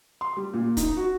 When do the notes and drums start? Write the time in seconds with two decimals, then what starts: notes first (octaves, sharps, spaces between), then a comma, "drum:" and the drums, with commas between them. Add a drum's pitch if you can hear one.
0.21 C6
0.37 G3
0.53 A#2
0.77 D#4, drum: kick, hi-hat
0.97 F#4